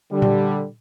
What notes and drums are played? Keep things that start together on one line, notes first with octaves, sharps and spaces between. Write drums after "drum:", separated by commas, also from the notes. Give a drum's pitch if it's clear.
D3 G3
drum: tom A#2